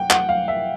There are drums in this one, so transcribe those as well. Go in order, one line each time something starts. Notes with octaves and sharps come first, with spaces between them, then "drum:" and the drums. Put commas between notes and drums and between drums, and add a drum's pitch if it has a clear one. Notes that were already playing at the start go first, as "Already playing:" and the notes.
Already playing: F#5 G5
F#5, drum: clap
F5
E5